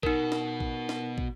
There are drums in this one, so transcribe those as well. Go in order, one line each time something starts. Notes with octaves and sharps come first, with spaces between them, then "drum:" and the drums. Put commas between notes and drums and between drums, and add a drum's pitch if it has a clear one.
B2 D#4 F#4 A#4, drum: kick
drum: snare
drum: kick
drum: snare
drum: kick